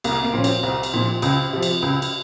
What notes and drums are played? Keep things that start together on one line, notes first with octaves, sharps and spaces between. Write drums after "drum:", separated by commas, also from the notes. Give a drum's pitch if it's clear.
C2 A#3, drum: cymbal
A#3
A#2 F3 C#4
C4, drum: cymbal
C2 C4
drum: cymbal
A#2 F3
C#2, drum: cymbal
C3 F3
drum: cymbal
C#2
drum: cymbal